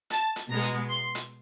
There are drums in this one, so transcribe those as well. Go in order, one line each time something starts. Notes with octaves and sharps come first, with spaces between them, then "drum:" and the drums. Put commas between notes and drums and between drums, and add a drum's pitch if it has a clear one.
A5, drum: hi-hat
drum: hi-hat
B2 G#3 B3 A#5
drum: hi-hat
C6
drum: hi-hat